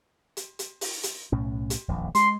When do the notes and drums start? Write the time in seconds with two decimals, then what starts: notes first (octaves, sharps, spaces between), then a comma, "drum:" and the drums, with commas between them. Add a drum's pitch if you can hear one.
0.37 drum: hi-hat
0.59 drum: hi-hat
0.81 drum: open hi-hat
1.03 drum: hi-hat
1.32 B1 A2 C#4
1.70 drum: hi-hat
1.88 D#1 A#1 F2
2.15 G#3 C6, drum: hi-hat